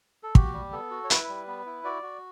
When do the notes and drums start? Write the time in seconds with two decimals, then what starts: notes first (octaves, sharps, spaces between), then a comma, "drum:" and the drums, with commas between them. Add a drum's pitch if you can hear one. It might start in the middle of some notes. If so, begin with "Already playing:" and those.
0.23 A4
0.35 F#4 G4, drum: kick
0.53 G3
0.72 B3 A4
0.91 F#4
1.04 C#5
1.10 E4 B4, drum: hi-hat
1.29 G3
1.47 B3
1.66 E4
1.84 F#4 D5
2.02 F#4